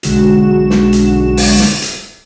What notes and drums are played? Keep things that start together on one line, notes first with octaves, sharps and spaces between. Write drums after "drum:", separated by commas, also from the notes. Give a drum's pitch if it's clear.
B1 D3 G#3 F#4 E7, drum: hi-hat
drum: snare
drum: hi-hat
drum: open hi-hat
drum: snare
drum: hi-hat